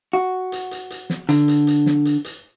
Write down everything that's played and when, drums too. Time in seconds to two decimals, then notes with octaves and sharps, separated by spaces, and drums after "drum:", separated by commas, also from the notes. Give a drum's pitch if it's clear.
0.13 F#4
0.52 drum: hi-hat
0.71 drum: hi-hat
0.90 drum: hi-hat
1.10 drum: snare
1.29 D3, drum: hi-hat
1.48 drum: hi-hat
1.67 drum: hi-hat
1.86 drum: snare
2.05 drum: hi-hat
2.25 drum: hi-hat